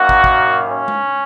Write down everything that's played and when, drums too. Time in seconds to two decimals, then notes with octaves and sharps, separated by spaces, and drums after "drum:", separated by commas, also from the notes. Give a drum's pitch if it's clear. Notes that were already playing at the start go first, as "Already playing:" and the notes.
Already playing: F#2 D#3 A#3 F#4
0.09 drum: kick
0.24 drum: kick
0.68 C#4
0.88 drum: tom G#3